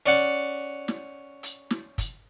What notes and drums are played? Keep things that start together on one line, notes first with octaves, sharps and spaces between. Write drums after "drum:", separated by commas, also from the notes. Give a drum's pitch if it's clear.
C#4 D5 F#5 D6
drum: snare
drum: hi-hat
drum: snare
drum: kick, hi-hat